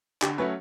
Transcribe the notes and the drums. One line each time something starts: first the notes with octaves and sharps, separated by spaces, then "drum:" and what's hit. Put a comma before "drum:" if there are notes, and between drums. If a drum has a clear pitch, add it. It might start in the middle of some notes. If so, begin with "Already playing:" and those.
D3 G4, drum: clap
F#3 A3 C#4 B4